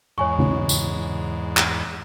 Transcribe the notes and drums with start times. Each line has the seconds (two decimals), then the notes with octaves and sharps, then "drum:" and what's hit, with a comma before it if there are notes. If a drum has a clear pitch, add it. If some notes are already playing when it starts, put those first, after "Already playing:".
0.18 E2 G#2 C#5 G#5 C#6
0.39 drum: tom C#3
0.69 drum: tambourine
1.57 drum: clap